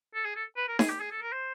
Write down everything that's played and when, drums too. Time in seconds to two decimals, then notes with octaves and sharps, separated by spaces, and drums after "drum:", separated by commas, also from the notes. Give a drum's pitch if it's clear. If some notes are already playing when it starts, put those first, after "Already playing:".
0.14 A4
0.25 G#4
0.36 A4
0.57 B4
0.68 A#4
0.79 G#4, drum: snare D#4
0.90 G4
1.00 G#4
1.11 A4
1.22 A#4
1.32 C5